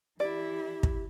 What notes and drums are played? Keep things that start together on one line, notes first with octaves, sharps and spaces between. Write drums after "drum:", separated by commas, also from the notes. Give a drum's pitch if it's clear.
E3 E4 G4 D5
drum: kick